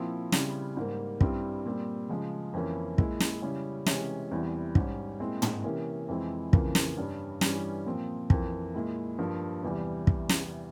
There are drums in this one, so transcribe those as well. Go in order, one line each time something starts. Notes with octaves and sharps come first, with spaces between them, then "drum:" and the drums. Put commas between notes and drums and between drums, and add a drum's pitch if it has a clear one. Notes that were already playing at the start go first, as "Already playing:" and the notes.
Already playing: A#2 F3 C4 E4
C#3 G3 C4 E4, drum: snare
G#2 G3 A#3
G2 G3 C4 E4, drum: kick
A#2 G3 C4
C#3 F3 G#3
F2 E3 A#3 C#4 E4
A#2 G#3 E4, drum: kick
drum: snare
C#3 G3 C#4 E4
C3 E3 G#3 C#4, drum: snare
E2 E3 G3 C4 E4
G#2 G3 C#4, drum: kick
A#2 G#3 C4 E4
drum: tom
C3 E3 A#3 C#4
F2 E3 G#3 C4 E4
F2 C#3 E3 A#3, drum: kick
drum: snare
G2 G3 C#4
G2 E3 G3 C#4, drum: snare
A#2 F3 C4
F2 E3 A#3, drum: kick
A#2 G#3 E4
G2 F3 A#3
E2 C3 E3 G3
drum: kick
drum: snare